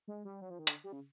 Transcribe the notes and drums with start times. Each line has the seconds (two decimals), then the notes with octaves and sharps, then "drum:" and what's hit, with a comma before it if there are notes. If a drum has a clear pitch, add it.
0.08 G#3
0.25 G3
0.42 F#3
0.50 F3
0.59 D#3
0.67 D3, drum: hi-hat
0.84 G3
0.92 C#3